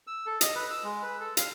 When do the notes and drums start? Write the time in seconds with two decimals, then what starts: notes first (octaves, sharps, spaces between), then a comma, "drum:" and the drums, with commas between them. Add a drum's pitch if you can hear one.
0.07 E6
0.26 A4
0.41 D#5, drum: hi-hat
0.55 B4
0.70 E6
0.84 G#3
1.03 B4
1.20 A4
1.37 F5, drum: hi-hat